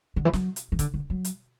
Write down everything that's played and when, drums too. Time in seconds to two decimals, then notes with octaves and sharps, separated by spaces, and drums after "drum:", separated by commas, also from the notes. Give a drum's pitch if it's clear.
0.16 D3
0.25 E3
0.33 F#3, drum: snare
0.56 drum: hi-hat
0.72 E3
0.79 D3, drum: kick, hi-hat
0.94 D3
1.10 F#3
1.25 drum: hi-hat